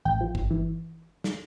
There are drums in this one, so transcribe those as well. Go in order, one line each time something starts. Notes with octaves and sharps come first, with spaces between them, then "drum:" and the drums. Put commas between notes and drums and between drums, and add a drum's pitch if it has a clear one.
A1 G5
F3
G1, drum: kick
E3
drum: snare